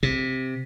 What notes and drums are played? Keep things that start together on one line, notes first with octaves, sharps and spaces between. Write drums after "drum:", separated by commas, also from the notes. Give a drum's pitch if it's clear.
C3, drum: kick